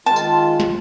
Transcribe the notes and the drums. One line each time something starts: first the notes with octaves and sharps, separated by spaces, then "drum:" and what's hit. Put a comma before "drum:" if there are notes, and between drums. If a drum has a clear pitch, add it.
D#3 G#3 F4 A5
drum: tambourine
drum: snare